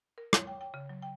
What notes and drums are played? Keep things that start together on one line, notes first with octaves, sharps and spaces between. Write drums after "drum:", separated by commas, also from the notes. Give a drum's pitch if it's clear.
A#4
C#5, drum: rim click
G5
G5
C#3
F#3
G5